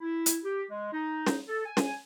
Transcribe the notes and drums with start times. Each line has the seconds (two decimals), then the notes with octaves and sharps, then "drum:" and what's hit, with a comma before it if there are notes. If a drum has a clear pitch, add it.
0.01 E4
0.26 drum: hi-hat
0.44 G4
0.69 G#3
0.93 D#4
1.26 drum: snare
1.48 A4
1.66 G#5
1.77 drum: snare